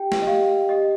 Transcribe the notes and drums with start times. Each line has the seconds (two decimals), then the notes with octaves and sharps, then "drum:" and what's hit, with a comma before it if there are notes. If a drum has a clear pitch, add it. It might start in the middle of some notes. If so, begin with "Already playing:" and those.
Already playing: G4 G5
0.12 drum: snare
0.22 D#5
0.27 G4 F5
0.69 G4 D#5